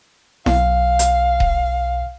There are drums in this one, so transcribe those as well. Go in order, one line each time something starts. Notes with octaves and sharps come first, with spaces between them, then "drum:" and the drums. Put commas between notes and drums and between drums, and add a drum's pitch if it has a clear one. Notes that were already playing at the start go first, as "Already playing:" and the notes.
B1 F5, drum: snare E4
drum: hi-hat
drum: kick D#1